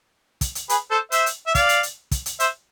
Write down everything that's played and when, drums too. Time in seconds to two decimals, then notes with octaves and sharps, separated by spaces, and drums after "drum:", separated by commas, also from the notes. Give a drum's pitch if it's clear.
0.41 drum: kick, hi-hat
0.55 drum: hi-hat
0.69 G#4 B4, drum: hi-hat
0.91 A4 C5
1.12 C5 E5, drum: hi-hat
1.26 drum: hi-hat
1.47 E5
1.55 D5 F5, drum: kick, hi-hat
1.69 drum: hi-hat
1.83 drum: hi-hat
2.11 drum: kick, hi-hat
2.26 drum: hi-hat
2.40 C5 E5, drum: hi-hat